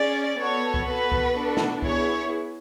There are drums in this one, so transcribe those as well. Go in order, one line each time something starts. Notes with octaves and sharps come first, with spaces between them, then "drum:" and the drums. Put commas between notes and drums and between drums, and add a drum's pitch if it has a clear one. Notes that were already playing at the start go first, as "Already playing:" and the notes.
Already playing: C#4 G#4 D5
B3 F#4 A4 C#5
drum: kick C2
B3 F#4 A4 B4
drum: kick C2
B3 D4 F#4 A4
drum: snare
B3 E4 G#4 C#5, drum: kick C2